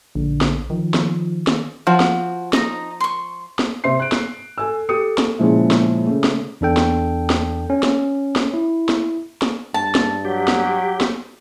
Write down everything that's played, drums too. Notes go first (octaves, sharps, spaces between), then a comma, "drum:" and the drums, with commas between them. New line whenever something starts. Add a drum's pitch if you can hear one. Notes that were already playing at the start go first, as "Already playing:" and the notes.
A#1 D3
drum: snare
D#3 F3
drum: snare
drum: snare
F3 F#4
drum: snare
D#4 A#5, drum: snare
C6 C#6
drum: snare
C3 C5 E5 C6 C7
F#6 D7
drum: snare
A4 G#5 E6
G4 A4 D#6 C#7
drum: snare
A#2 C#3 F3 G#3 E4
drum: snare
C#3 A3
drum: snare
E2 D4 A4 G5
drum: snare
drum: snare
C#4
drum: snare
drum: snare
E4
drum: snare
drum: snare
G2 A5
drum: snare
F#3 G4
drum: snare
drum: snare